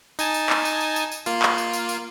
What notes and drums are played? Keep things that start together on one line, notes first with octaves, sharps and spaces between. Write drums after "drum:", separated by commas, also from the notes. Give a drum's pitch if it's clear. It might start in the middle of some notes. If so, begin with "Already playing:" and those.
D#4 G#5 A5, drum: tambourine
drum: tambourine
drum: clap
drum: tambourine
drum: tambourine
drum: tambourine
drum: tambourine
A#3 F4, drum: tambourine
drum: clap
drum: tambourine
drum: tambourine
drum: tambourine